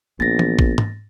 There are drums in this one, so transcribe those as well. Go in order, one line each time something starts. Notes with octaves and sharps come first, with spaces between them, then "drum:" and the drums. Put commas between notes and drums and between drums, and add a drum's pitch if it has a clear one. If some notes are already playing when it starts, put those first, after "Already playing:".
A#1 B3 A6 A#6
drum: tom E3
drum: kick
drum: tom G#2